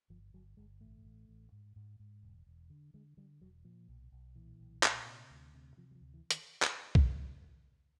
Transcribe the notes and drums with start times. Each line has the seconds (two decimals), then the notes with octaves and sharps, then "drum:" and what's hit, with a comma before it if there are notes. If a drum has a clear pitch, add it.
0.10 G1 F3
0.34 G1 F#3
0.57 G1 G#3
0.81 A1 A3
1.05 A1
1.29 A1
1.52 G#2
1.76 G#2
1.99 G#2
2.23 E1
2.47 E1
2.70 D3
2.94 D3 G#3
3.17 D3 G3
3.41 E1 F#3
3.65 A#2 F3
3.88 B1
4.12 B1
4.36 A#2 E3
4.60 B1
4.83 A#2, drum: clap
5.06 C3
5.30 D2
5.54 C3
5.77 C3 F3
5.91 F#3
5.95 F3
6.01 D2
6.14 E3
6.31 D#3, drum: hi-hat
6.62 drum: clap
6.95 drum: kick B1